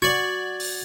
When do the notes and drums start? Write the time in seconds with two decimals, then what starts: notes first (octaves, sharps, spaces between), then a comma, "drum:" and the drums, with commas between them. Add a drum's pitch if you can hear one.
0.02 F#4 D5 C#6 G#6 A6 F#7
0.60 drum: open hi-hat